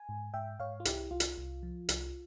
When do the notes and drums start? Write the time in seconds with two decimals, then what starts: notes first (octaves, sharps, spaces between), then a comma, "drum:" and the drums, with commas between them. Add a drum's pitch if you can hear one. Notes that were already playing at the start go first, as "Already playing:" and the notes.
Already playing: G#5
0.09 G#2
0.34 G#2 E5 G5
0.59 G#2 C#5 F5
0.80 F4
0.85 C2 E4 G4, drum: hi-hat
1.11 C2 F4
1.20 drum: hi-hat
1.38 C2
1.63 F3
1.89 C2, drum: hi-hat